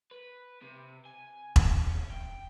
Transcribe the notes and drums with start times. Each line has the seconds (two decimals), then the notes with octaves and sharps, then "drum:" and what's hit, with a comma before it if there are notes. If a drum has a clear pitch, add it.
0.11 B4
0.62 C3
1.05 G#5
1.56 drum: kick E1
1.83 C3 C#4
2.10 G5